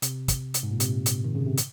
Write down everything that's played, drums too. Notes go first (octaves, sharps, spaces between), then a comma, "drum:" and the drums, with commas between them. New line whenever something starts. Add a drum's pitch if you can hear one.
C3, drum: hi-hat
drum: kick, hi-hat
drum: hi-hat
G#2
A#2
C3, drum: hi-hat
drum: hi-hat
D#3
C#3
C3
drum: hi-hat